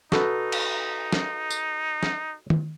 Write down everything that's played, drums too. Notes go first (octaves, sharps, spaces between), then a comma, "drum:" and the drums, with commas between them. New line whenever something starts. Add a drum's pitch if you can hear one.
D#4 F#4 A4 B4, drum: snare
drum: cymbal
drum: snare
drum: tambourine
drum: snare
drum: tom